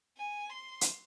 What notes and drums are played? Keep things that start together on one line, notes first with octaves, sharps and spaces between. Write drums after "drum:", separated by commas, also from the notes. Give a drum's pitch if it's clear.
G#5
C6
drum: hi-hat